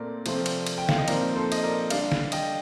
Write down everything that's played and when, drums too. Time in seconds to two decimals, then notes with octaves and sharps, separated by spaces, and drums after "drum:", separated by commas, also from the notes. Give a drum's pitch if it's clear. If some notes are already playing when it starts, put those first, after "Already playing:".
Already playing: A#2 A3 C4 A#4 D5
0.26 C3 F3 A3 C4, drum: cymbal
0.46 drum: cymbal
0.67 drum: cymbal
0.78 G5
0.89 F5, drum: snare
0.98 D#5
1.08 A#2 F3 C4 D#4 A#4 D5, drum: cymbal
1.36 A4 C5
1.52 D#5, drum: cymbal
1.64 A#4 D5
1.90 D3 G3 D4 D5 F5, drum: cymbal
2.12 drum: snare
2.32 D#5 G5, drum: cymbal